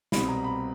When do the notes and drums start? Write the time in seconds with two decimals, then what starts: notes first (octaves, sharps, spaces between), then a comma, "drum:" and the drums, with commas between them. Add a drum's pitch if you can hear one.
0.12 C2 B2 G3 C4 B5, drum: snare
0.28 A#5
0.44 B5